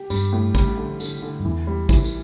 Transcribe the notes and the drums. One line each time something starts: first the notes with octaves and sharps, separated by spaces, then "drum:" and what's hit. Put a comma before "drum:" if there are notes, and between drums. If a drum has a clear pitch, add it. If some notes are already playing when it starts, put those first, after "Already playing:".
Already playing: G4
G2 G3, drum: tambourine
A2
G3, drum: kick, tambourine
D3
D3, drum: tambourine
D3
G2
E2 E3
G3
E3, drum: kick, tambourine
drum: tambourine